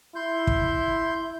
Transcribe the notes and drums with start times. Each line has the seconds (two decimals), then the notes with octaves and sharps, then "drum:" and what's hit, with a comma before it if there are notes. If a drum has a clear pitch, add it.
0.15 E4 C6 G6
0.47 drum: kick